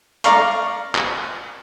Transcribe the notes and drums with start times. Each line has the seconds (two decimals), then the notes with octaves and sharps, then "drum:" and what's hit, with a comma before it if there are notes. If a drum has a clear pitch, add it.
0.24 D5 F5 A#5 C#6, drum: hi-hat
0.95 drum: clap